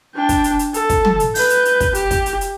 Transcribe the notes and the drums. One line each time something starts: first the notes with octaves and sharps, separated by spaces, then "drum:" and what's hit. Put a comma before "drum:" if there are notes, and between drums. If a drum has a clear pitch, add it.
D4 G5
drum: kick, hi-hat
drum: hi-hat
drum: hi-hat
A4, drum: hi-hat
drum: kick, hi-hat
drum: tom
drum: hi-hat
B4 G6, drum: open hi-hat
drum: hi-hat
drum: hi-hat
drum: kick, hi-hat
G4, drum: hi-hat
drum: kick, hi-hat
drum: hi-hat
drum: hi-hat